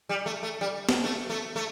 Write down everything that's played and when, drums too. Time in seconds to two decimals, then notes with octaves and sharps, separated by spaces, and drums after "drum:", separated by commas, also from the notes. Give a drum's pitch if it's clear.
0.09 G3
0.26 A3
0.43 A3
0.61 G3
0.89 drum: snare
1.04 A3
1.30 A3
1.56 A3